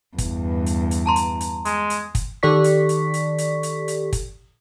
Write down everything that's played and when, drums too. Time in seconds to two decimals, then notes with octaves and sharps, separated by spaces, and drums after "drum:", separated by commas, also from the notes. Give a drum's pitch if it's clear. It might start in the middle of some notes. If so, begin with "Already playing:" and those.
0.18 E2 G2, drum: kick, hi-hat
0.66 drum: hi-hat
0.91 drum: hi-hat
1.06 A5 A#5 C6
1.16 drum: hi-hat
1.41 drum: hi-hat
1.65 G#3, drum: hi-hat
1.90 drum: hi-hat
2.15 drum: kick, hi-hat
2.43 D#3 G4 A4 D5 C#6 B6
2.64 drum: hi-hat
2.89 drum: hi-hat
3.14 drum: hi-hat
3.38 drum: hi-hat
3.63 drum: hi-hat
3.88 drum: hi-hat
4.13 drum: kick, hi-hat